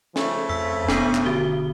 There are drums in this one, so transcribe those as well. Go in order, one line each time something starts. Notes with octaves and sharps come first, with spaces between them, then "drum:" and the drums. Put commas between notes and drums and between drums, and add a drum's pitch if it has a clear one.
C#3 F3 A3, drum: snare
F2 E6 B6
E1 B3 D4 D#6, drum: snare
drum: clap
D3 F#4 G7